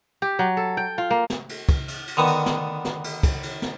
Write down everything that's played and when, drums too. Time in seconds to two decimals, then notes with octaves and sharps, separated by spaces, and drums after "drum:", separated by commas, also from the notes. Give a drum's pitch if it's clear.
0.22 G4
0.39 F#3
0.57 A4
0.77 G5
0.98 F4
1.11 A#3
1.30 drum: snare
1.49 drum: cymbal
1.69 drum: kick, cymbal
1.88 drum: cymbal
2.07 drum: cymbal
2.17 D3 D#3 B3
2.27 drum: cymbal
2.46 drum: snare
2.85 drum: snare
3.04 drum: cymbal
3.23 drum: kick, cymbal
3.43 drum: cymbal
3.62 drum: snare